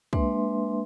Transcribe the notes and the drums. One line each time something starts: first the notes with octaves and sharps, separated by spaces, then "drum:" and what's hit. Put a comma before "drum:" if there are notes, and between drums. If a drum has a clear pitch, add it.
G#3 A#3 D4 B4 E5 C6, drum: kick